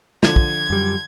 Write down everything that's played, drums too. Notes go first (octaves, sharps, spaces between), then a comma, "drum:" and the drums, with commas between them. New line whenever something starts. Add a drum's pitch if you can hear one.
D3 F3 G#6 D#7, drum: snare
drum: kick
F#2 G3